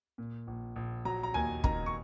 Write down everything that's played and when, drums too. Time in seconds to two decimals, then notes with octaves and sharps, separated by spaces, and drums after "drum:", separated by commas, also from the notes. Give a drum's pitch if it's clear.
0.18 A#2
0.47 A#1
0.76 A#1
1.05 F#3 A#5
1.23 A#5
1.34 D#2 G#5
1.64 D#3 A#5, drum: kick
1.86 C#6